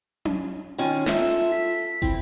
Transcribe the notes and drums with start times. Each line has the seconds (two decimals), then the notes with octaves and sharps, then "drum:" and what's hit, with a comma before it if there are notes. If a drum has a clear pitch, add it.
0.25 drum: tom C#4
0.78 D#3 C#4 F4
1.06 A4 E5, drum: snare
1.52 B6
2.02 C4 E4, drum: kick